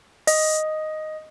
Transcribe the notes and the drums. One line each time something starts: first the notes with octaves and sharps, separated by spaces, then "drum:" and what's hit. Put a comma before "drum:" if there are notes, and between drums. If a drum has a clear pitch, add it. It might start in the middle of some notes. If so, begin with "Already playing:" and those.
D#5, drum: open hi-hat